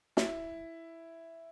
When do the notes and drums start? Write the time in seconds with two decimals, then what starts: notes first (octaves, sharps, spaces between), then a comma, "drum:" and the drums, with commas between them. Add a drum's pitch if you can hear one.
0.17 E4, drum: snare